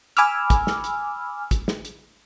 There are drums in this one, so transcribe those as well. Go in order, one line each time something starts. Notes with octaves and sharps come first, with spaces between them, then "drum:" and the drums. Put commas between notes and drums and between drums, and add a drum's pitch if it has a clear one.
G#5 B5 D6 E6 F6, drum: hi-hat
drum: kick, hi-hat
drum: snare
drum: hi-hat
drum: kick, hi-hat
drum: snare
drum: hi-hat